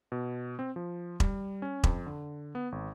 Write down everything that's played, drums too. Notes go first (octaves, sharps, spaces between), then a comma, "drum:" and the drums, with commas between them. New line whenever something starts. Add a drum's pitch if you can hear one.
B2
C4
F3
G3, drum: kick E1
C#4
F2, drum: kick E1
D3
B3
G#1